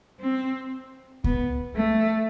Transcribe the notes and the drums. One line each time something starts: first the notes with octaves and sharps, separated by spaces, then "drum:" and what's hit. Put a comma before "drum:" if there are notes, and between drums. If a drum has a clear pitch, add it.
C4
B3, drum: kick C#2
A3